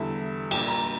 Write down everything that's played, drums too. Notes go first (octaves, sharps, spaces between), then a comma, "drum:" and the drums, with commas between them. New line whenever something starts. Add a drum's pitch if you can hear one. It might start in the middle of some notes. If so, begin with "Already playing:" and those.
Already playing: E2 D3 G3 E5
A#1 A#2 G3 G5, drum: cymbal
A#5